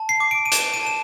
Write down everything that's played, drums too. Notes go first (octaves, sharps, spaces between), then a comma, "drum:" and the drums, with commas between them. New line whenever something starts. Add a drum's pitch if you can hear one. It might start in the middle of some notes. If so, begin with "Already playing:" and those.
Already playing: A5
C7
D6
D7
D#7
D6 E7, drum: hi-hat
D#7
A5 E7